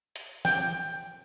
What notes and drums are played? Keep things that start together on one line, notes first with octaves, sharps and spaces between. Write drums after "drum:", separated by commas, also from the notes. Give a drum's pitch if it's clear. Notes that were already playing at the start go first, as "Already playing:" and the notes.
drum: hi-hat
G5, drum: snare